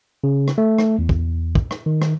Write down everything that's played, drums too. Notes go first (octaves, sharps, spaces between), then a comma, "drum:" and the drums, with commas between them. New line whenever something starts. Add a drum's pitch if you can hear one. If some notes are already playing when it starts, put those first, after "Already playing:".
C#3
drum: rim click
A3
drum: rim click
E2
drum: kick
drum: kick
drum: rim click
D#3
drum: rim click